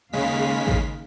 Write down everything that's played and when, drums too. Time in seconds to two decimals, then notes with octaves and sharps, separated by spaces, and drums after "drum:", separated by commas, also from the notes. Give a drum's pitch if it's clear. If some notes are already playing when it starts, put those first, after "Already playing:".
0.13 D#2 C#3 G#3 F5 B6
0.67 drum: kick